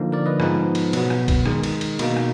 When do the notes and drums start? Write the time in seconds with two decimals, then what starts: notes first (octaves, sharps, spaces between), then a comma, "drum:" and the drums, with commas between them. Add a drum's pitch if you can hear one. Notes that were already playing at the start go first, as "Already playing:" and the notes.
Already playing: D3 F3 A#3 D#4
0.12 A#4 D5
0.26 B4 D#5
0.40 G#2 F3 G#3 B3 D#4 B4, drum: rim click
0.75 drum: cymbal
0.93 B2 F#3 B3, drum: cymbal
1.10 drum: rim click
1.28 drum: kick C2, cymbal
1.46 D#3 G#3 D#4, drum: rim click
1.63 drum: cymbal
1.81 drum: cymbal
1.99 B2 A#3 D#4, drum: cymbal
2.17 drum: rim click